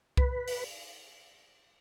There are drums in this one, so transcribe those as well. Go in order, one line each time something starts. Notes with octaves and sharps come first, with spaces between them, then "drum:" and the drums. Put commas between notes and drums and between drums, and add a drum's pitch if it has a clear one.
B4, drum: kick C2
drum: open hi-hat